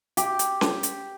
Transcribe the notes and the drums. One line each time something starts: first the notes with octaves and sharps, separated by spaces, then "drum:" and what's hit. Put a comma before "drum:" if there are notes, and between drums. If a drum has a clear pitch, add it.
G4, drum: hi-hat
drum: hi-hat
drum: snare C#4
drum: hi-hat